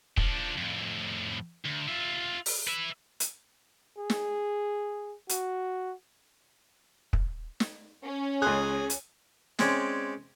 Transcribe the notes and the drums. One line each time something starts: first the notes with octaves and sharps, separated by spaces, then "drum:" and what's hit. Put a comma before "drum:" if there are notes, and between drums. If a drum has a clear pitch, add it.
F3 D4, drum: kick
F2 A2
D2
F4 E5
drum: open hi-hat
B4 E5
drum: hi-hat
G#4
drum: snare
F#4, drum: hi-hat
drum: kick
drum: snare
C#4
C#2 G#4 C6 F#6
drum: hi-hat
G#3 C4 C#4 D5, drum: snare